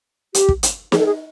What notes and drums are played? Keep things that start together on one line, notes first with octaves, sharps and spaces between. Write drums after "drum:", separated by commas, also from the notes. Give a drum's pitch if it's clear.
G4, drum: hi-hat
drum: kick
drum: hi-hat
G#4, drum: snare
A4
G#4